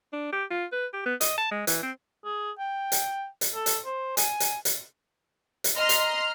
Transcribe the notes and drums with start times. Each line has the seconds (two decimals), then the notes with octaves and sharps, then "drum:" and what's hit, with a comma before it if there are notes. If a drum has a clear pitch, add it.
0.13 D4
0.32 G4
0.50 F4
0.72 B4
0.93 G4
1.06 B3
1.21 D#5, drum: hi-hat
1.38 A5
1.51 G#3
1.67 E3, drum: hi-hat
1.83 C4
2.24 G#4
2.59 G5
2.92 drum: hi-hat
3.41 drum: hi-hat
3.55 A4
3.66 drum: hi-hat
3.85 C5
4.17 G#5, drum: hi-hat
4.40 drum: hi-hat
4.65 drum: hi-hat
5.64 drum: hi-hat
5.76 D#5 A#5 C6 F6
5.89 drum: hi-hat